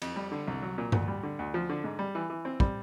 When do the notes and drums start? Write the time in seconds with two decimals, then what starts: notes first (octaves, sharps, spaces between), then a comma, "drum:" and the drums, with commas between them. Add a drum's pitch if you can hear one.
0.02 F2, drum: cymbal
0.16 G3
0.32 D3
0.47 C2
0.62 F#3
0.78 A#2
0.92 D2, drum: tom G2
1.08 G3
1.23 D3
1.39 D2
1.54 F3
1.69 D3
1.84 G#2
1.99 G3
2.15 E3
2.30 E3
2.45 C4
2.60 G3, drum: kick